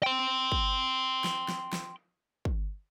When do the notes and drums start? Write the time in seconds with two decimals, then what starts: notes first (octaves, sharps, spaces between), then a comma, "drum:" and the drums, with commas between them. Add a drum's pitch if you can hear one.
0.03 G5 C6
0.52 drum: kick
1.24 drum: snare
1.48 drum: snare
1.73 drum: snare
2.45 drum: kick